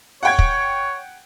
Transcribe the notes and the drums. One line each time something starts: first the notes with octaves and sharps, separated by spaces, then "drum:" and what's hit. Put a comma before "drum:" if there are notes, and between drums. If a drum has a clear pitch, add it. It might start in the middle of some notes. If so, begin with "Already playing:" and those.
C#5 F#5 G5 G#6
drum: kick